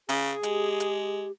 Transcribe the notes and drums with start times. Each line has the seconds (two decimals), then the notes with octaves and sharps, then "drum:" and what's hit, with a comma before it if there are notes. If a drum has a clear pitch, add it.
0.09 C#3 G#4, drum: hi-hat
0.43 G#3 G4, drum: hi-hat
0.80 drum: hi-hat